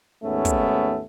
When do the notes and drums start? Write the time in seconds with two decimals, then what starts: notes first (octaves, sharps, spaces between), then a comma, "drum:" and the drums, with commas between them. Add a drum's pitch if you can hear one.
0.24 D#2 G#2 A3 B3 C#4
0.45 drum: kick, hi-hat